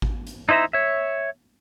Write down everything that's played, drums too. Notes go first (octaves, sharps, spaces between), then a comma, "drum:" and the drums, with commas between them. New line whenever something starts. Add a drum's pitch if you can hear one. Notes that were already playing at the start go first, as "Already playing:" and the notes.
drum: kick G#1
drum: hi-hat
D#4 E4 C5 E5 A#5
C#5 E5